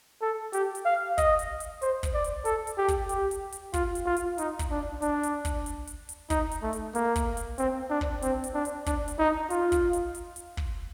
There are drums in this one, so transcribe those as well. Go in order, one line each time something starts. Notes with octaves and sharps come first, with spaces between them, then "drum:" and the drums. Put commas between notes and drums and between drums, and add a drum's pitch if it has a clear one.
A4
G4, drum: hi-hat
drum: hi-hat
F5
D#5, drum: kick, hi-hat
drum: hi-hat
drum: hi-hat
C5, drum: hi-hat
drum: kick, hi-hat
D5
drum: hi-hat
A4, drum: hi-hat
drum: hi-hat
G4
drum: kick, hi-hat
G4, drum: hi-hat
drum: hi-hat
drum: hi-hat
F4, drum: kick, hi-hat
drum: hi-hat
F4
drum: hi-hat
D#4, drum: hi-hat
drum: kick, hi-hat
D4
D4, drum: hi-hat
drum: hi-hat
drum: kick, hi-hat
drum: hi-hat
drum: hi-hat
drum: hi-hat
D#4, drum: kick, hi-hat
drum: hi-hat
A3
drum: hi-hat
A#3, drum: hi-hat
drum: kick, hi-hat
drum: hi-hat
C4, drum: hi-hat
D4
drum: kick
C4, drum: hi-hat
drum: hi-hat
D4
drum: hi-hat
D4, drum: kick, hi-hat
drum: hi-hat
D#4
F4, drum: hi-hat
drum: kick, hi-hat
drum: hi-hat
drum: hi-hat
drum: hi-hat
drum: kick